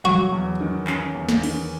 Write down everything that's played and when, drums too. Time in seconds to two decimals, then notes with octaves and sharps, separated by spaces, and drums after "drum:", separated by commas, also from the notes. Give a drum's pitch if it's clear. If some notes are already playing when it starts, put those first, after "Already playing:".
0.04 F#3 F#4
0.32 E2
0.61 D#3
0.87 C#4, drum: clap
1.15 E2
1.29 drum: snare
1.43 D#3, drum: cymbal